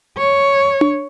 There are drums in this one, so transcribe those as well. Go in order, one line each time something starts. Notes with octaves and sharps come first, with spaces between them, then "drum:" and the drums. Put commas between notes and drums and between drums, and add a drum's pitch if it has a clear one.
C#5
drum: tom D4